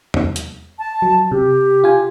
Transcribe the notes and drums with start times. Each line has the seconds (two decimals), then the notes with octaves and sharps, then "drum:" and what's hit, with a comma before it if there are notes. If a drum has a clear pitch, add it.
0.14 drum: tom E2
0.36 drum: hi-hat
0.79 A5
1.02 F#3
1.31 C3 G4
1.84 F4 G#5